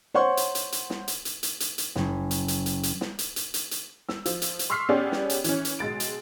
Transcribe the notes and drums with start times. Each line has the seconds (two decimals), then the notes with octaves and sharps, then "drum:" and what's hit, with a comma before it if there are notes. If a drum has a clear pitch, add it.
0.14 C5 C#5 F#5 C6 C#6
0.37 drum: hi-hat
0.55 drum: hi-hat
0.72 drum: hi-hat
0.90 drum: snare
1.08 drum: hi-hat
1.25 drum: hi-hat
1.43 drum: hi-hat
1.60 drum: hi-hat
1.78 drum: hi-hat
1.95 F#1 C#4, drum: snare
2.31 drum: hi-hat
2.48 drum: hi-hat
2.66 drum: hi-hat
2.83 drum: hi-hat
3.01 drum: snare
3.19 drum: hi-hat
3.36 drum: hi-hat
3.54 drum: hi-hat
3.71 drum: hi-hat
4.09 E6, drum: snare
4.26 F3, drum: hi-hat
4.42 drum: hi-hat
4.59 drum: hi-hat
4.70 C6 C#6 E6 F6 B6 C7
4.89 B3 C#4 G4 G#4 D5
5.12 drum: snare
5.30 drum: hi-hat
5.44 E3 C#4, drum: hi-hat
5.65 drum: hi-hat
5.79 B1 G#3 A6 D7
6.00 drum: hi-hat